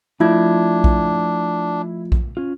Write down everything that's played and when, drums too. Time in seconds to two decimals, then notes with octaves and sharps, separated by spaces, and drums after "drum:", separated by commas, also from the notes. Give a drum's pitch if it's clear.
0.20 F3 A3 D4 E4 F4 A5 G#6
0.84 drum: kick A#1
2.12 drum: kick A#1
2.37 C#4 F4